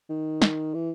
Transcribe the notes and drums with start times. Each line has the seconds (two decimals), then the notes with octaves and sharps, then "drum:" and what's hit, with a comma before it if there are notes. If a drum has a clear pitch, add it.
0.09 D#3
0.42 drum: snare
0.74 E3